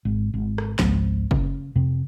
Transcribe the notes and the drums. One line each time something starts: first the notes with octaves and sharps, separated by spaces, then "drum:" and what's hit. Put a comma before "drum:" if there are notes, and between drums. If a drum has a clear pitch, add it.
G#1
G#1
drum: rim click
G#1 C#2 F3, drum: snare
C#3, drum: kick F#1
F2 C3 C4